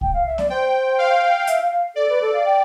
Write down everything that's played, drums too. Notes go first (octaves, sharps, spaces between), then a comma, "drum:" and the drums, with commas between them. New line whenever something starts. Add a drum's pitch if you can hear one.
G5, drum: kick C2
F5
E5
D5, drum: snare B3
C5 G5
F5
E5, drum: hi-hat
F5
F5
A4 D5
B4
A4
F5
G5